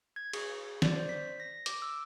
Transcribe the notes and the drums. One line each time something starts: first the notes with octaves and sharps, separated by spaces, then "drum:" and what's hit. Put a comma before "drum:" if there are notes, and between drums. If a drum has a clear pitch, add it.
G#6
G#4, drum: cymbal
D5, drum: snare
C5
B6
A#6
D6, drum: hi-hat
E6